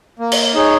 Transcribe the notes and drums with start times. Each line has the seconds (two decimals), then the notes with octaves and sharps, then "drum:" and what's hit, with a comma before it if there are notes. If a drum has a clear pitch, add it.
0.19 A#3
0.32 drum: cymbal
0.54 D#4 G#4 C#5